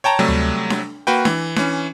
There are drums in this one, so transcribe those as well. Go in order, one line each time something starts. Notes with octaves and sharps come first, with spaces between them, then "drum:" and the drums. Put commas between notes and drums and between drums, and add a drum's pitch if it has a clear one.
C#5 G5 A5 A#5
C3 F#3 G3 A3
drum: tom D2
drum: snare D4
A#3 F#4 B4 G5
E3, drum: snare D4
E3 C#4, drum: snare D4